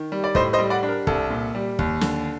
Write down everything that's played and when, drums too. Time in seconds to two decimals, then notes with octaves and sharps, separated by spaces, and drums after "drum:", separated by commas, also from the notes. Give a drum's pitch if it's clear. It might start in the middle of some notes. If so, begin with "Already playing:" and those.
Already playing: D#3
0.12 G3
0.24 D5
0.35 A2 C5 D#5, drum: kick
0.53 C5 D#5
0.59 G3
0.70 D5 F#5
0.83 D4
0.89 A#4
1.07 C2 A4, drum: kick
1.30 A#2
1.55 G3
1.79 D#2, drum: kick
2.01 D3, drum: snare